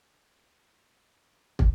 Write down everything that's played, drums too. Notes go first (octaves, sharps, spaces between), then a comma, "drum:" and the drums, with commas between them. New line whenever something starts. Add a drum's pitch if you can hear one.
A#4 G#5
drum: kick